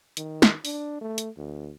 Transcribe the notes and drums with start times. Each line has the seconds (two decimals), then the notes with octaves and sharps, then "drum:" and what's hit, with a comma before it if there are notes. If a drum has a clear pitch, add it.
0.17 D#3, drum: hi-hat
0.42 drum: snare
0.65 D4, drum: open hi-hat
1.01 A3
1.18 drum: hi-hat
1.37 D2